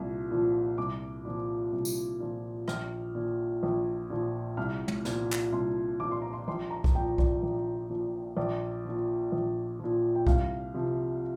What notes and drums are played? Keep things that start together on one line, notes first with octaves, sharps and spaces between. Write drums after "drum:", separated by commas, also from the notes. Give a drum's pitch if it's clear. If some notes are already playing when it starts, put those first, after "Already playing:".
Already playing: C2 A#2 F3
A#2 F3
C2 D6
A#2 F3
C2
drum: tambourine
A#2 F3
A#1 F6, drum: rim click
A#2 F3
A#1
A#2 F3
C2 F6
drum: tom
A#2 F3, drum: snare
drum: clap
C2 C6
A#2 F3 D6
C6
A#5
C6
A#1 C6
A#5
drum: kick B1
A#2 F3 G5
D5, drum: kick B1
A#1
A#2 F3
A#1 D5
A#2 F3
A#1
A#2 F3
G5
C2 F5, drum: kick B1
C3 F3